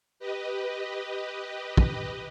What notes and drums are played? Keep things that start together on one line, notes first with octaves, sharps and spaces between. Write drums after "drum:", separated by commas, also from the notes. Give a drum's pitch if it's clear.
G4 B4 D#5
drum: kick